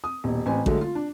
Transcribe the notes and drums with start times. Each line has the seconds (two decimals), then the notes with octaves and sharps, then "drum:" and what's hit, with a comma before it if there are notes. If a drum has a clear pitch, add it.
0.04 D#6
0.24 D#1 B1
0.46 A1 C4 G#5
0.66 D3 F#3 G#3 A3, drum: kick A1
0.81 F4
0.95 D4